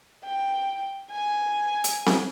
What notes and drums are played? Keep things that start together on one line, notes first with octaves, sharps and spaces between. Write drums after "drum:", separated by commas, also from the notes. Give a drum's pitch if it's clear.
G5
G#5
drum: hi-hat
drum: snare C4